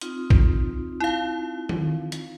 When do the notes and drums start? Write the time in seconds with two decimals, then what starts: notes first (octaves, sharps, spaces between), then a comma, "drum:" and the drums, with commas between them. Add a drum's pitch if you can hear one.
0.01 C4 D#4 F4, drum: hi-hat
0.30 drum: kick
1.00 E4 F5
1.69 drum: tom D#3
2.12 drum: hi-hat